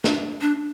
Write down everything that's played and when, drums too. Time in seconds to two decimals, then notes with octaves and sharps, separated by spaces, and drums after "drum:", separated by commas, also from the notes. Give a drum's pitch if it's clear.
0.04 D4, drum: snare
0.41 D4